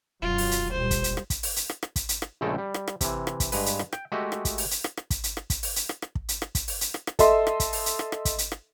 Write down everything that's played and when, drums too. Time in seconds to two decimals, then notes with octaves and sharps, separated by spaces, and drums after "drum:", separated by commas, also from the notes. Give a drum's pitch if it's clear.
0.22 E1 F#2 F#3 F4
0.38 drum: open hi-hat
0.51 drum: hi-hat
0.72 D2 A#2 G3 C5
0.91 drum: kick, hi-hat
1.04 drum: hi-hat
1.17 drum: rim click
1.30 drum: kick, hi-hat
1.43 drum: open hi-hat
1.56 drum: hi-hat
1.69 drum: rim click
1.83 drum: rim click
1.96 drum: kick, hi-hat
2.09 drum: hi-hat
2.22 drum: rim click
2.41 A#1 C#3 G#3 A3 A4 G5
2.58 G3
2.74 drum: rim click
2.87 drum: rim click
3.01 C3 E3, drum: kick, hi-hat
3.27 drum: rim click
3.40 drum: kick, hi-hat
3.52 G2 G#3 B4, drum: open hi-hat
3.66 drum: hi-hat
3.79 drum: rim click
3.93 G5, drum: rim click
4.12 G#3 A3 F#4 G4 D#5 E5
4.32 drum: rim click
4.45 drum: kick, hi-hat
4.58 drum: open hi-hat
4.71 drum: hi-hat
4.84 drum: rim click
4.97 drum: rim click
5.10 drum: kick, hi-hat
5.24 drum: hi-hat
5.37 drum: rim click
5.50 drum: kick, hi-hat
5.63 drum: open hi-hat
5.76 drum: hi-hat
5.89 drum: rim click
6.02 drum: rim click
6.15 drum: kick
6.29 drum: hi-hat
6.42 drum: rim click
6.55 drum: kick, hi-hat
6.68 drum: open hi-hat
6.81 drum: hi-hat
6.94 drum: rim click
7.07 drum: rim click
7.19 A4 D#5 E5 C6, drum: kick, hi-hat
7.47 drum: rim click
7.60 drum: kick, hi-hat
7.73 drum: open hi-hat
7.86 drum: hi-hat
7.99 drum: rim click
8.12 drum: rim click
8.25 drum: kick, hi-hat
8.38 drum: hi-hat
8.52 drum: rim click